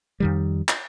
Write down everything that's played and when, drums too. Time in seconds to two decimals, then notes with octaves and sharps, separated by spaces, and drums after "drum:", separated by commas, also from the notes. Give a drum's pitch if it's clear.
0.20 F2 D#3 G3
0.69 drum: clap